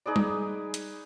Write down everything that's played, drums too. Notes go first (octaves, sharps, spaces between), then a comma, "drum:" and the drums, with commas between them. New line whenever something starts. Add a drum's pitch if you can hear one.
D#4 G#4 B4 D5
drum: tom G3
drum: hi-hat